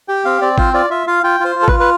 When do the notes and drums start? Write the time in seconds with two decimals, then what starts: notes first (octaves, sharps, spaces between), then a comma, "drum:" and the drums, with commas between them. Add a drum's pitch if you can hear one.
0.08 G4 G5
0.25 C4 F5
0.41 C4 D5
0.58 F4 C5, drum: kick G#1
0.73 F4 D5
0.90 F4 E5
1.07 F4 F5
1.23 F4 G5
1.40 F4 C5
1.56 F4
1.63 A4
1.68 B4, drum: kick G#1
1.72 F4
1.80 B4